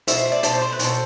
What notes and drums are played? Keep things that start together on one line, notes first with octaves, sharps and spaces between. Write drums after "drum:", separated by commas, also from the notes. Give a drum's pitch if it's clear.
B2 C5 E5, drum: hi-hat
A3
D5
B2 A4 C5, drum: hi-hat
A3 C5
B4
B2, drum: hi-hat
A4 C5